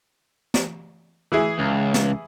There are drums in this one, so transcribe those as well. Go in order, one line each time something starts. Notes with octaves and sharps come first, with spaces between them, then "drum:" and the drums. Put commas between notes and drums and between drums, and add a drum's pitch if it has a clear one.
drum: snare
E3 E4 G#4
C#2
drum: snare